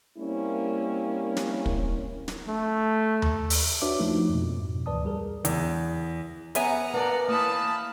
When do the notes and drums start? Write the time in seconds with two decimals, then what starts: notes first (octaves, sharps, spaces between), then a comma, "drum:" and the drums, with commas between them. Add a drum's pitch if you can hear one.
0.18 G3 A#3 C4 C#4 E4
1.37 drum: snare
1.66 drum: kick
2.28 drum: snare
2.48 A3
3.22 drum: tom D#2
3.50 drum: open hi-hat
3.82 D4 F#4 B4 C#5 E5 D6
3.99 F3 A3 A#3 D#4
4.29 F2 B2
4.59 F2 G#2
4.86 D2 E3 B4 D5 A5 D#6
5.05 G3 G#4 A#4
5.45 E2, drum: hi-hat
6.55 B3 E5 F#5 G#5 A#5, drum: hi-hat
6.94 A#3 B4 D5 F#5 A5 A#5
7.28 E3 A#3 F5 A5 B5 D#6